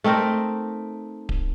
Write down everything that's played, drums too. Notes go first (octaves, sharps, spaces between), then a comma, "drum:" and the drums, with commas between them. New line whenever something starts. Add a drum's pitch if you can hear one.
A3 C4 D#4 A#4
drum: kick D1